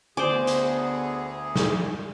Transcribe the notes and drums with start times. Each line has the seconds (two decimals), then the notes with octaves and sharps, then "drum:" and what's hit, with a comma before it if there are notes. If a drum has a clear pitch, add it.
0.17 D2 D3 B3 G#4 C5 D5 G#5
0.47 drum: hi-hat
1.56 drum: snare